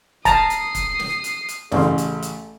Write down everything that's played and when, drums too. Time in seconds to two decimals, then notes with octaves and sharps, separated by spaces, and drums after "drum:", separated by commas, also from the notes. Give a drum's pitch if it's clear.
0.25 A5 A#5 D#6 C7, drum: kick, hi-hat
0.50 drum: hi-hat
0.75 drum: kick, hi-hat
0.99 drum: snare
1.24 drum: hi-hat
1.49 drum: hi-hat
1.72 A1 C#3 A3 C6, drum: snare
1.98 drum: hi-hat
2.22 drum: hi-hat